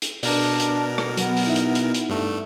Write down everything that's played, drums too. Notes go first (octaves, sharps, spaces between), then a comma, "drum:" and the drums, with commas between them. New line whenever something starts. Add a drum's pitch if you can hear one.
drum: hi-hat
B2 D4 A#4 D5, drum: open hi-hat
drum: hi-hat
drum: rim click
F#3 B3, drum: hi-hat
drum: open hi-hat
D#4 E4 E5
drum: hi-hat
drum: hi-hat
drum: hi-hat
G2 A3